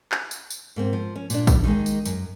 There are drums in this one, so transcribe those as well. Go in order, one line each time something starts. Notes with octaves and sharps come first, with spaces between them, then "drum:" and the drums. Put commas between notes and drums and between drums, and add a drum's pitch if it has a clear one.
drum: clap
drum: tambourine
drum: tambourine
G#2 A#3 C4
F3
C#4
A#2 D4, drum: tambourine
drum: kick, tambourine
D#3 E3 G3 G#3 A#3
drum: tambourine
F#2, drum: tambourine